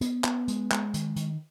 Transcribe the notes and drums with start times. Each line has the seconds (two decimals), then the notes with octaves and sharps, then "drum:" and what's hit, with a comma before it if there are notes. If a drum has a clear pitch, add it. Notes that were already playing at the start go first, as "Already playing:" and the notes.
0.01 B3, drum: hi-hat
0.24 B3, drum: clap
0.48 G#3, drum: hi-hat
0.71 G#3, drum: clap
0.94 D#3, drum: hi-hat
1.16 D#3, drum: hi-hat